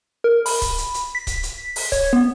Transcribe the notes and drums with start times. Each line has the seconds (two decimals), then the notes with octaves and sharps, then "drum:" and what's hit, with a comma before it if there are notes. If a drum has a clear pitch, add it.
0.24 A#4
0.46 B5, drum: open hi-hat
0.62 drum: kick C#1, hi-hat
0.78 drum: hi-hat
0.94 drum: hi-hat
1.15 B6
1.27 drum: kick C#1, hi-hat
1.43 drum: hi-hat
1.76 drum: open hi-hat
1.92 C#5, drum: kick C#1, hi-hat
2.13 B3